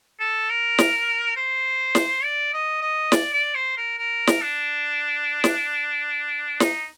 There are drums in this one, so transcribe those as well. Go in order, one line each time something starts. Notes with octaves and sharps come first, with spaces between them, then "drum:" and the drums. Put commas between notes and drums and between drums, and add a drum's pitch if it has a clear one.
A4
A#4
drum: snare
C5
drum: snare
D5
D#5
D#5
D5, drum: snare
D5
C5
A#4
A#4
drum: snare
D4
drum: snare
D#4, drum: snare